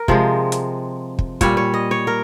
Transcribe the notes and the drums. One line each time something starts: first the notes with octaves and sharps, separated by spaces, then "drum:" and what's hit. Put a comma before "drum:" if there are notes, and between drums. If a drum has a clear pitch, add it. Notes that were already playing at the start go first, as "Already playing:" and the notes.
Already playing: A#4
C3 F3 G#3, drum: kick
drum: hi-hat
drum: kick
A#2 G3 C#5, drum: kick, hi-hat
C#5
D#5
C#5
A#4